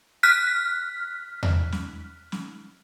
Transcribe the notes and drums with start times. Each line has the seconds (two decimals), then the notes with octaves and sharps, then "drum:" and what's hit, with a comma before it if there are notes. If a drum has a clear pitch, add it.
0.23 F6 F#6 B6
1.43 drum: tom E2
1.72 drum: snare
2.32 drum: snare